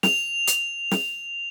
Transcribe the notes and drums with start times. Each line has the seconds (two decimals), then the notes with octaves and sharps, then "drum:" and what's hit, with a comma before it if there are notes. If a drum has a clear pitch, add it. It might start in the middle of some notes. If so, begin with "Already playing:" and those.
0.03 F7, drum: snare
0.47 drum: hi-hat
0.91 drum: snare